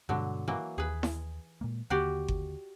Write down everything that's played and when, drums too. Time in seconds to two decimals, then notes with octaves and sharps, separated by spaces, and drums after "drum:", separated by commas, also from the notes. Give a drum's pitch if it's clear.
0.09 G2 B2 D3 F#3 G#3
0.48 E3 F#3 A#3
0.78 D#2 G#4 B4
1.03 drum: snare E4
1.61 A#2 G#3 A#3
1.90 D#2 D3 A#3 F#4 G4 D5
2.28 drum: kick G1